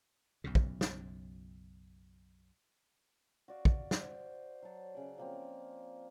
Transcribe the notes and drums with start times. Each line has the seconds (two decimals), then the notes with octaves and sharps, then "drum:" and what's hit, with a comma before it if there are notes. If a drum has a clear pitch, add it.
0.44 B1 F#2 C#3
0.55 drum: kick
0.81 drum: snare
3.48 F#4 D5 F5
3.65 drum: kick
3.91 drum: snare
4.03 C5
4.62 F#3 A5
4.95 C#3 D5
5.18 F3 A#3 C4